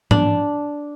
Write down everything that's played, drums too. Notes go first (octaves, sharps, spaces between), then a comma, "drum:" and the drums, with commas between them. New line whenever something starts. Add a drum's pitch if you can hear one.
D4, drum: tom